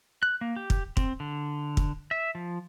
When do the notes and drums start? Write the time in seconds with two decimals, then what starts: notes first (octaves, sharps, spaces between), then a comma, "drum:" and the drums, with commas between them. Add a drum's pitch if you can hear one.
0.23 F#6
0.41 A#3
0.56 G4
0.70 drum: kick
0.97 C4, drum: kick
1.20 D3
1.77 drum: kick
2.11 E5
2.35 F3